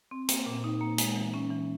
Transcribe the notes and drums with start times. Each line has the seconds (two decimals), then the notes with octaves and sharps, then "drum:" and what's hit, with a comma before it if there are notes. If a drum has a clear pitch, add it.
0.11 C4
0.29 A#3, drum: hi-hat
0.46 A#2
0.64 D#4
0.81 A#3
0.98 G#3, drum: hi-hat
1.16 E3
1.34 C#4
1.50 E3